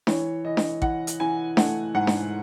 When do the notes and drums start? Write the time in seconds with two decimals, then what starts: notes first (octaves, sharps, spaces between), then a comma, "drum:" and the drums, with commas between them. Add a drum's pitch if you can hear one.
0.07 E3 C#5, drum: snare D4
0.44 E3 D#5
0.57 drum: snare D4
0.82 E3 F#5, drum: kick
1.07 drum: hi-hat
1.20 E3 G#5
1.57 A3 F#5, drum: snare D4
1.94 G#2 F#5
2.07 drum: snare D4